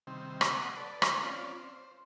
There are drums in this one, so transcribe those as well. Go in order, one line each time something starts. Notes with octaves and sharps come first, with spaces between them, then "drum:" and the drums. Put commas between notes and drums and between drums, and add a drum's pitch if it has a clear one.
C3 D#3 G3 C4
drum: rim click
F#5 D6 D#6
A4 B4 D5
drum: rim click
C4 C#4 F4 D5
C5